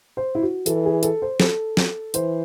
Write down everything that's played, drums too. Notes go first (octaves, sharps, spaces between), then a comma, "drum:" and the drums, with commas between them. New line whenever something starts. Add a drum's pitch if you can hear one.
C5
E4
F#4
E3 A4, drum: hi-hat
G#4
A4, drum: hi-hat
C5
A4, drum: snare
drum: snare
E3 C5, drum: hi-hat